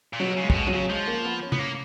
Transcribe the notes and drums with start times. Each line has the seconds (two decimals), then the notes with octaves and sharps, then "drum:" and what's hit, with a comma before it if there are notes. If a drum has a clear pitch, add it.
0.13 A#2
0.19 B2 F#3
0.37 C#3
0.43 G#3
0.50 A#2, drum: kick
0.54 B2
0.67 F#3
0.73 C#3
0.90 F3 G#3
1.07 A#3
1.25 B3
1.42 C#4
1.52 B3, drum: tom
1.59 A#3